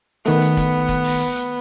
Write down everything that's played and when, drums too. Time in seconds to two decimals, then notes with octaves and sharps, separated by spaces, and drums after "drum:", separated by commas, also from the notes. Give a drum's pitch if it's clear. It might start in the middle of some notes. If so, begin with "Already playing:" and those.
0.26 D#3 A3 B3, drum: hi-hat
0.41 drum: hi-hat
0.57 drum: kick, hi-hat
0.89 drum: kick, hi-hat
1.04 drum: open hi-hat
1.20 drum: hi-hat
1.36 drum: hi-hat